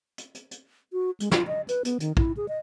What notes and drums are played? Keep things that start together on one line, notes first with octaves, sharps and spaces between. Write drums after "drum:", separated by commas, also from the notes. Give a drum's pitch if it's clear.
drum: hi-hat
drum: hi-hat
drum: hi-hat
F#4
G#3, drum: hi-hat
F4, drum: snare
D#5
B4, drum: hi-hat
B3, drum: hi-hat
D#3, drum: hi-hat
E4, drum: kick
G#4
D#5